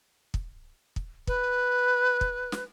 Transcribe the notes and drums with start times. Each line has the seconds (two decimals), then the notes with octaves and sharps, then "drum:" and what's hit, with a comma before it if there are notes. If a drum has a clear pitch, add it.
0.34 drum: kick
0.96 drum: kick
1.27 B4, drum: kick
2.21 drum: kick
2.52 drum: snare